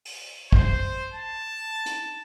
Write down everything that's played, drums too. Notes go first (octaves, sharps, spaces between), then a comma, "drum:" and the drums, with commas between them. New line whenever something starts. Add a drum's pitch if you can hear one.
drum: open hi-hat
C5, drum: kick
A5
drum: hi-hat